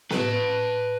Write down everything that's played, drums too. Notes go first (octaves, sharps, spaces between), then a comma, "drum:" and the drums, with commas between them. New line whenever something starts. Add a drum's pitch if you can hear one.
B4 A5, drum: snare B3